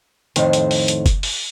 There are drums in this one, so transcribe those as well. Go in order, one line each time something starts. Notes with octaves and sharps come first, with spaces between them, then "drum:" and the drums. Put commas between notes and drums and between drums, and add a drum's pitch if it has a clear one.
F2 A2 D#3 C5, drum: hi-hat
drum: hi-hat
drum: open hi-hat
drum: hi-hat
drum: kick F#1, hi-hat
drum: open hi-hat